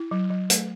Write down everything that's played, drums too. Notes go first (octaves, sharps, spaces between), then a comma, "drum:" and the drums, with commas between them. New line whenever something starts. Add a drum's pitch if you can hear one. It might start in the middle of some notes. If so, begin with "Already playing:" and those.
Already playing: E4
F#3
F#3
A3, drum: hi-hat